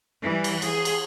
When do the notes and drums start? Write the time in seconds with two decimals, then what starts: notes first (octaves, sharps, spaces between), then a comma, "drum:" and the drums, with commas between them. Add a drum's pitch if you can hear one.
0.24 E3 G3
0.44 drum: cymbal
0.62 G#4, drum: cymbal
0.85 drum: cymbal